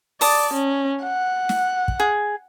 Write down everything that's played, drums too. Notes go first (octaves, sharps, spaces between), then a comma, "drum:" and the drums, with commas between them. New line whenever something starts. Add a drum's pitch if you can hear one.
D5 A5 D#6, drum: open hi-hat
C#4
F#5
drum: snare
drum: kick
G#4